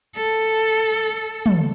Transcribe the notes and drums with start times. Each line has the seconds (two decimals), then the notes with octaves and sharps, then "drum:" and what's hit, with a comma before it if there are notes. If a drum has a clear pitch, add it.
0.16 A4
1.46 drum: tom